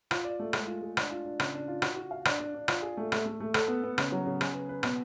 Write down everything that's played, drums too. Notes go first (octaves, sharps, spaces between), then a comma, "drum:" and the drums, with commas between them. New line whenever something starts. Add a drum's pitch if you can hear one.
F4, drum: rim click
D5
A3
G#3, drum: rim click
F4
G#3
D4, drum: rim click
F4
D4
C#3, drum: rim click
D4
F4
F#4, drum: rim click
F#4
F5
D4, drum: rim click
D4
D4
F4, drum: rim click
G#4
A3
A3, drum: rim click
A3
A3
A4, drum: rim click
B3
B3
C#3, drum: rim click
F#3
C#3
G#4, drum: rim click
B4
B4
B2, drum: rim click